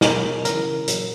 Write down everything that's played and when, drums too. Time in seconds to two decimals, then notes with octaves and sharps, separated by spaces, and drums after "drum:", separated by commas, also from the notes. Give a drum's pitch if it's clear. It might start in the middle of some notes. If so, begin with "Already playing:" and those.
0.01 B2 F#3 A#4, drum: snare
0.45 C#3 E3 A#4, drum: hi-hat
0.88 A#2 F#3, drum: hi-hat